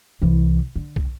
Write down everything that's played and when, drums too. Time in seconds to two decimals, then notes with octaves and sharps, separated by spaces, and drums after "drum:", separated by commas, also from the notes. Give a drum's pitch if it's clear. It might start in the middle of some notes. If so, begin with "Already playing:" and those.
0.22 C2 E3
0.76 D3
0.96 drum: kick